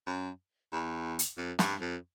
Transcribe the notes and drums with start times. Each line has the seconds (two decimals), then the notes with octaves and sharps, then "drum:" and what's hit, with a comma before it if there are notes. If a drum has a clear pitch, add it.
0.07 F#2
0.72 E2
1.19 drum: hi-hat
1.37 F2
1.59 G2, drum: snare
1.81 F2